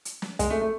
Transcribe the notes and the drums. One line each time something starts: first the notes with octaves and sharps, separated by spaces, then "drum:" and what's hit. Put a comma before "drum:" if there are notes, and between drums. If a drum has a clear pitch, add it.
drum: hi-hat
drum: snare
G#3, drum: kick, hi-hat
A3
A3